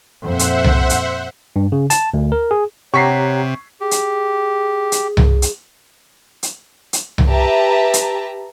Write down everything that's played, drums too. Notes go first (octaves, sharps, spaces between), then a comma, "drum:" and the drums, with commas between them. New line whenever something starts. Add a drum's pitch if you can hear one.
F2 A#2 C5 E5 F#5
drum: hi-hat
drum: tom C2
drum: hi-hat
G2
C#3
A5, drum: hi-hat
D2
A#4
G#4
C3 G4 C#5 F#5 A#5 C#6 B6 C7
G4 G#4
drum: hi-hat
drum: hi-hat
drum: tom C2
drum: hi-hat
drum: hi-hat
drum: hi-hat
drum: tom C2
G4 B4 E5 A5 A#5
drum: hi-hat